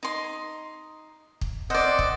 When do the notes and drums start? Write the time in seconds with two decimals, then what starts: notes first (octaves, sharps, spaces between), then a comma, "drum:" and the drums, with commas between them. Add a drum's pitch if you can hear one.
0.03 D#4 C6
1.41 drum: kick
1.70 C4 C5 D5 D#5 F#5
1.99 drum: kick